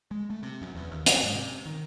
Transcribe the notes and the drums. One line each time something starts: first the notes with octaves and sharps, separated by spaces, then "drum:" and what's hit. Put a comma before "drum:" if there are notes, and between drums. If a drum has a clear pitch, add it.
G#3
A3
C3
F#2
E2
D#2
F#2, drum: hi-hat
G#2
C3
D#3